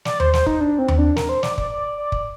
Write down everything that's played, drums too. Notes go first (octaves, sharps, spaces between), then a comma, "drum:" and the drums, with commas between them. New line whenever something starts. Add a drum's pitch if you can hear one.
D5, drum: snare
C5, drum: tom D#2
C5, drum: snare
D#4, drum: kick
D4
C4
drum: tom D#2
D4
A#4, drum: snare
C5
D5, drum: snare
D5, drum: kick
D5
D5
drum: kick